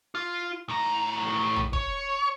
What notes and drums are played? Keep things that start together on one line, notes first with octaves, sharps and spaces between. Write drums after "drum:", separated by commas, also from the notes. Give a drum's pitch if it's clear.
F4
A2 A#5
drum: tom A#1
C#5, drum: kick